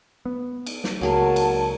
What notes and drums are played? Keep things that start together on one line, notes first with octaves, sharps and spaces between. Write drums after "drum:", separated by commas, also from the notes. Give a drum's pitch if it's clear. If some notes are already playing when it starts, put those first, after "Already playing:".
B3
drum: cymbal
drum: snare
C#2 F#3 A#3 G#4 A#4 A5
drum: cymbal